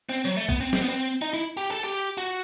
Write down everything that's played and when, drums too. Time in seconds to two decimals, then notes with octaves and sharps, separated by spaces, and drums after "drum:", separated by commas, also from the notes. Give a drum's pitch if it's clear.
0.09 C4
0.25 F#3
0.37 A3
0.49 B3, drum: kick
0.61 C4
0.73 C4, drum: snare
0.82 B3
0.89 C4
1.22 D#4
1.34 E4
1.57 G4
1.71 A4
1.84 G4
2.18 F#4